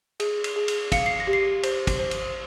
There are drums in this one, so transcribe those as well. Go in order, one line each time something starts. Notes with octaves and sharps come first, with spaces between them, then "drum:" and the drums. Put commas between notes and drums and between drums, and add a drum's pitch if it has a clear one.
G#4, drum: cymbal
drum: cymbal
G#4
drum: cymbal
F5 C#7, drum: kick, cymbal
C7
A#6
G4
C7
C5, drum: cymbal
drum: kick, cymbal
C5
drum: cymbal